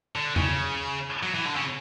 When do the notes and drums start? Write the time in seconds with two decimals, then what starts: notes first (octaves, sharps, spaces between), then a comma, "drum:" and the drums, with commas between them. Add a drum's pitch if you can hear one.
0.15 D3
0.36 C#3, drum: tom E2
1.23 F#3
1.34 E3
1.45 D3
1.55 C#3